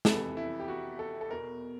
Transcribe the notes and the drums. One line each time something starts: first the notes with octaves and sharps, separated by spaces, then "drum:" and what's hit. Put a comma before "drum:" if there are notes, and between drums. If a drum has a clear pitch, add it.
F2 C3 E3 A4, drum: snare
E4
G4
F#4
A4
A4
E2 B2 A#4